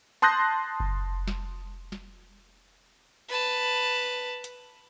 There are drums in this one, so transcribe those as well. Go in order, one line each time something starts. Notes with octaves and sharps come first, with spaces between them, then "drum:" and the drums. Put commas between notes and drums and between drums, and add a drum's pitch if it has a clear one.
A5 C6 D#6 F#6 G6 A#6
drum: kick F#1
drum: snare
drum: snare
B4 A5
drum: hi-hat